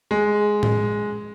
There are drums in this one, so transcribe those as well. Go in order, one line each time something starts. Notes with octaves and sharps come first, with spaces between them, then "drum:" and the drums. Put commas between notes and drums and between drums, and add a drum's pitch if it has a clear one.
G#3
drum: tom A2